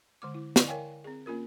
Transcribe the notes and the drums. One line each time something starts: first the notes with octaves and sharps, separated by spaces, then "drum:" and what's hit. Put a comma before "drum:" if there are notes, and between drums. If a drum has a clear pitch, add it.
D3 G#3 D6
E4
D3 E4 D5 D#5 C6 C#6, drum: snare
A#4 C#5 F5 G5 G#5
C4 G#4
A#3 C#4 F4 A#4